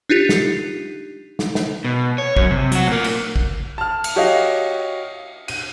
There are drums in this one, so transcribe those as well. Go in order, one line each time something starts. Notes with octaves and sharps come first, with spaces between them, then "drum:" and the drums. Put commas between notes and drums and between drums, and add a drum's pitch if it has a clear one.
D4 D#4 F4 G4 C7
drum: snare
drum: snare
drum: snare
B2
C#5
F#2, drum: kick
C3
F#3 F#4, drum: hi-hat
A#2 A#3
drum: cymbal
drum: kick
A5 F6
drum: cymbal
F#4 G4 C#5 D#5 F5
D#7, drum: cymbal